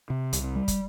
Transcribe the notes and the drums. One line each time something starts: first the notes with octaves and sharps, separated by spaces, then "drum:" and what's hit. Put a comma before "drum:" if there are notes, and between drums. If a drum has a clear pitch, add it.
C3
C2, drum: hi-hat
G3
drum: kick, hi-hat